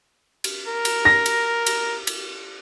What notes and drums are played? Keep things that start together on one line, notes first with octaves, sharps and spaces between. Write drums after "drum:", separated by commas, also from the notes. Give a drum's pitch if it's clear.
drum: cymbal
A#4
drum: cymbal
A#6
drum: cymbal
drum: cymbal
drum: cymbal